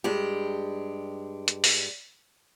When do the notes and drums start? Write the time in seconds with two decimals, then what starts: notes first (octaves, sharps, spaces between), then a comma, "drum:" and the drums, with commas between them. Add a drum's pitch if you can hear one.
0.04 G2 G#3 G4
1.48 drum: hi-hat
1.64 drum: open hi-hat